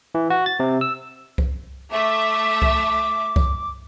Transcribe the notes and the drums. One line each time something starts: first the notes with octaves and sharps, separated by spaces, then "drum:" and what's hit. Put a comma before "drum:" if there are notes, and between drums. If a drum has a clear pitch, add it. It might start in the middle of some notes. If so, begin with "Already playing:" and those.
E3
F#4
A6
C3
E6
drum: kick C2
A3 E5 D6
drum: kick C2
drum: kick C2